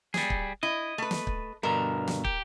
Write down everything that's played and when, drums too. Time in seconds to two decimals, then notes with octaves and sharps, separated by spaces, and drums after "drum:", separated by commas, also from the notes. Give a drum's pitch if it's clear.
0.14 G3 G#4, drum: snare
0.30 drum: kick
0.63 E4 D#5
0.98 A3 B4
1.11 drum: snare
1.27 drum: kick
1.63 G2 B2 D3 A#4
2.07 drum: snare
2.25 G4, drum: kick